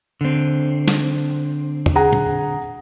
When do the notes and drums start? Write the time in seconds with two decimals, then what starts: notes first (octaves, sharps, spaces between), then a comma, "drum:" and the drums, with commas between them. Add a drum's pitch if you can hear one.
0.21 D3 C4
0.88 drum: snare
1.86 drum: tom E2
1.95 G#4 F#5 A#5
2.13 drum: tom